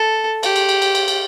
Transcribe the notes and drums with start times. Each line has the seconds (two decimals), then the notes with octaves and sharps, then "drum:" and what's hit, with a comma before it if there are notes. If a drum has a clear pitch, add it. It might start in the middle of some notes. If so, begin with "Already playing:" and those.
Already playing: A4
0.43 G4, drum: cymbal
0.56 drum: cymbal
0.69 drum: cymbal
0.82 drum: cymbal
0.95 drum: cymbal
1.08 drum: cymbal